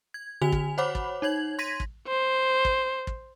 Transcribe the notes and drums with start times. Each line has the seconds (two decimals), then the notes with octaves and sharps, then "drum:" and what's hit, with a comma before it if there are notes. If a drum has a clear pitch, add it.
0.14 G#6
0.41 D3 F#4 G#5 F7
0.52 drum: kick
0.78 C5 C#5 F#5 B5 D6
0.95 drum: kick
1.22 D#4 C#5 G#6 F#7
1.59 C6 G#6 A#6 B6 D#7
1.80 drum: kick
2.08 C5
2.65 drum: kick
3.07 drum: kick